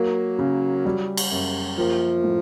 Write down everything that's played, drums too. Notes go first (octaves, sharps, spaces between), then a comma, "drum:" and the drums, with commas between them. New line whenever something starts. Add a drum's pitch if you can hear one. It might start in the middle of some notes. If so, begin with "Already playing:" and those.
Already playing: F#3 A#3
C#3
G3
drum: cymbal
F#2
F3 A#3
A2